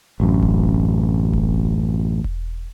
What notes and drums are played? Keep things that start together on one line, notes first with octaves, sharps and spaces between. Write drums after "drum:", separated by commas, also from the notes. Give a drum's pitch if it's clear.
A1 F#2
drum: kick E1
drum: kick E1
drum: kick E1